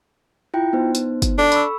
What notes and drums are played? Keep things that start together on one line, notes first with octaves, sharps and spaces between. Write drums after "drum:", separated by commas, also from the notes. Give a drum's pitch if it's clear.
E4 F4 G5
B3 D#4 C5
drum: hi-hat
drum: kick, hi-hat
D4 A4
B5 C#6 E6, drum: hi-hat